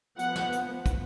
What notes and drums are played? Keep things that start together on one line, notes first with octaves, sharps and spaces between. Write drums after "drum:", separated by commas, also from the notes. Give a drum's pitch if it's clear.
F3 B3 F#5, drum: hi-hat
drum: snare
drum: hi-hat
drum: kick, hi-hat